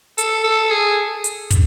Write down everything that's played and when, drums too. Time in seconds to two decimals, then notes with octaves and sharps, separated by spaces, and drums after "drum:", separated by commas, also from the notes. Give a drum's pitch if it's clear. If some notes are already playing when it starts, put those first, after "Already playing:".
0.18 A4, drum: hi-hat
0.44 A4
0.71 G#4
1.24 drum: hi-hat
1.51 drum: kick, hi-hat